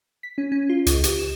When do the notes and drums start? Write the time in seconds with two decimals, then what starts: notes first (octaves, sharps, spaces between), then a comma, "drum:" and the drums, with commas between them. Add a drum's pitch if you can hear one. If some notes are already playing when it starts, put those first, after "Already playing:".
0.23 B6
0.38 C#4
0.52 C#4
0.69 F4
0.87 C#2, drum: hi-hat
1.04 G4, drum: hi-hat
1.19 E7